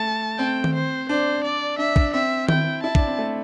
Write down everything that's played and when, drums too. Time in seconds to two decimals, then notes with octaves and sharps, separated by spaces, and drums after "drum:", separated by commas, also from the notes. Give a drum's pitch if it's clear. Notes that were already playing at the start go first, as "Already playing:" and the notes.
Already playing: A3 A5
0.39 C4 G5
0.64 drum: tom D#3
0.74 C5
1.09 D4 C5
1.44 D5
1.78 D4 E5
1.96 D4, drum: kick
2.14 C4 E5
2.49 E4 G5, drum: tom D#3
2.83 E4 A5
2.95 D4, drum: kick
3.07 C4
3.19 A3